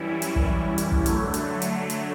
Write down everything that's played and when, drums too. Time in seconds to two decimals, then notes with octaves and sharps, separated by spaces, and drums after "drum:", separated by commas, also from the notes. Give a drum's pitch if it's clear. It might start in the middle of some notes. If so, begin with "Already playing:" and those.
Already playing: F#2 E3 G3 C#4 E4
0.22 drum: hi-hat
0.36 drum: kick
0.78 drum: hi-hat
0.92 drum: kick
1.06 D3 F#3 A3, drum: hi-hat
1.34 drum: hi-hat
1.62 drum: hi-hat
1.90 drum: hi-hat